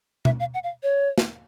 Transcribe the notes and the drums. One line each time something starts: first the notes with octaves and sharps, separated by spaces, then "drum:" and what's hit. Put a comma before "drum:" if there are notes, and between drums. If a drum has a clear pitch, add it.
E5, drum: tom B2
F5
F#5
F5
C#5
drum: snare